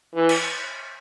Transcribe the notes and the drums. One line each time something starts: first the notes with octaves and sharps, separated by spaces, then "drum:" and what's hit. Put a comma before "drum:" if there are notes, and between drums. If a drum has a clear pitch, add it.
E3
drum: cymbal